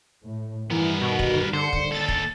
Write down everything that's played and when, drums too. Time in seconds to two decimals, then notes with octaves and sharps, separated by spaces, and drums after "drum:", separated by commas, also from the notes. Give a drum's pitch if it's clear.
0.22 A2
0.70 G2 D#3 E3 G3 B3 A#4
1.01 B2 F#4
1.19 drum: kick
1.54 D3 C5 C#7
1.73 drum: kick
1.92 D#2 A4 A6
2.08 drum: kick